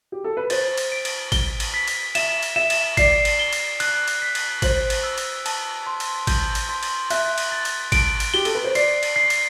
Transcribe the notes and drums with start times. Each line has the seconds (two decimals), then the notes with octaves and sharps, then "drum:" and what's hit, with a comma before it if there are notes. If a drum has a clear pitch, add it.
0.12 G4
0.24 A4
0.37 B4
0.50 C5 A6, drum: cymbal
0.78 drum: cymbal
0.92 D7
1.05 drum: cymbal
1.32 G7, drum: kick G#1, cymbal
1.60 drum: cymbal
1.74 B6
1.88 drum: cymbal
2.15 E5 E7, drum: cymbal
2.43 drum: cymbal
2.56 E5 E7
2.70 drum: cymbal
2.97 D5 C7, drum: kick G#1, cymbal
3.25 drum: cymbal
3.39 G7
3.53 drum: cymbal
3.80 F#6, drum: cymbal
4.08 drum: cymbal
4.22 B6
4.35 drum: cymbal
4.62 C5 F#7, drum: kick G#1, cymbal
4.90 drum: cymbal
5.03 E6
5.18 drum: cymbal
5.46 A5, drum: cymbal
5.87 C6
6.00 drum: cymbal
6.27 G6, drum: kick G#1, cymbal
6.55 drum: cymbal
6.69 C6
6.83 drum: cymbal
7.10 E5 F#6, drum: cymbal
7.38 drum: cymbal
7.52 A6
7.65 drum: cymbal
7.92 D7, drum: kick G#1, cymbal
8.20 drum: cymbal
8.34 G4 G7
8.45 A4, drum: cymbal
8.55 B4
8.64 C5
8.75 D5 C7, drum: cymbal
9.03 drum: cymbal
9.16 C7
9.30 drum: cymbal